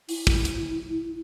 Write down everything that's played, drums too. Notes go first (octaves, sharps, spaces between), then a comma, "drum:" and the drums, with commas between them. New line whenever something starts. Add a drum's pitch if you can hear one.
E4, drum: open hi-hat
drum: kick
drum: hi-hat